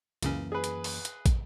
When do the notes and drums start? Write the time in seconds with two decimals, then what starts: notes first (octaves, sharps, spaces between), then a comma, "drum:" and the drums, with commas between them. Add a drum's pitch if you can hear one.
0.23 C#2 F#2 C#3 E3 A#3 C#4, drum: hi-hat
0.52 G#4 B4
0.64 drum: hi-hat
0.84 drum: open hi-hat
1.05 drum: hi-hat
1.26 drum: kick, hi-hat